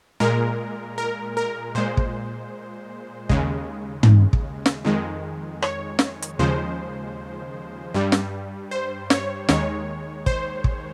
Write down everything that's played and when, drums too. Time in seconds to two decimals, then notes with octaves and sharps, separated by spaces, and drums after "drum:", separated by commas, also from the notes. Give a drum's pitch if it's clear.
0.20 A#2 G#3 A#4
0.98 A#4
1.37 A#4
1.75 A#2 G#3 C5
1.97 drum: kick
3.29 D#2 C#3 G#3, drum: kick
4.03 drum: tom
4.33 drum: kick
4.66 drum: snare
4.85 F2 D#3 G#3
5.62 C#5, drum: rim click
5.99 drum: snare
6.22 drum: hi-hat
6.39 D#2 C#3 F3 G#3 C5
7.94 G2 G3
8.12 drum: snare
8.71 C5
9.10 C#5, drum: snare
9.49 D#2 D#3 G#3 C#5, drum: snare
10.26 C5, drum: kick
10.64 drum: kick